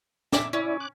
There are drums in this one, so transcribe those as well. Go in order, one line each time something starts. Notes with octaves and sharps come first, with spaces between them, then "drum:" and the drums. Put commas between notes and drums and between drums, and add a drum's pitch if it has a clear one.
E5 D6, drum: snare
C#4 E4 D5
D6 F#6